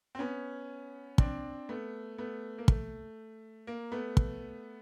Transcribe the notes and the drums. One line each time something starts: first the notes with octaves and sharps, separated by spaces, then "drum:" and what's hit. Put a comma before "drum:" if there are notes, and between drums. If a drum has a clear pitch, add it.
C4
B3 C#4
C4 D4, drum: kick
A3 B3
A3 B3
A#3
A3, drum: kick
A#3
A3 B3
drum: kick